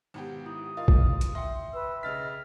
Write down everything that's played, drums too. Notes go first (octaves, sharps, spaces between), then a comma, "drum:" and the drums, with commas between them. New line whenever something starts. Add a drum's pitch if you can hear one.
G#1 B3 G4
E4 D#6
F4 A#4 D#5 F5
drum: kick
drum: hi-hat
E5 G5 C6
B4 E6
C#3 D#5 F6 A6 B6